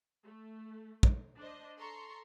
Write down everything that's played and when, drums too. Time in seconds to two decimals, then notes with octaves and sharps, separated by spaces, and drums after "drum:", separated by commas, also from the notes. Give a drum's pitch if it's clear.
0.24 A3
1.03 drum: kick
1.39 D4 C5 D#5
1.78 A4 A#5 C6 C#6